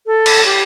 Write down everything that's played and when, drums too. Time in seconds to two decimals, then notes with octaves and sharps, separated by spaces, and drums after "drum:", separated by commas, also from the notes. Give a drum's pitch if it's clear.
0.06 A4
0.26 drum: cymbal
0.46 G4